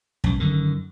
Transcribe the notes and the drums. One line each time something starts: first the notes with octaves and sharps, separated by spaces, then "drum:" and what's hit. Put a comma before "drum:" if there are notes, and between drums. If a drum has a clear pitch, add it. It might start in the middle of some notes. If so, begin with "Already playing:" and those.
B1 F#2, drum: kick
F#2 D3 D#3